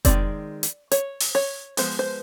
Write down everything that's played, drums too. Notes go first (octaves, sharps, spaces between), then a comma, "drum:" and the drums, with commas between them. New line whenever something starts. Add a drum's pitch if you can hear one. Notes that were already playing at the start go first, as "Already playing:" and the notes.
D#3 G#3 C4 D5, drum: kick F1, hi-hat
drum: hi-hat
C#5, drum: hi-hat
drum: open hi-hat
C#5
F3 G#3 B3 C5, drum: open hi-hat
C5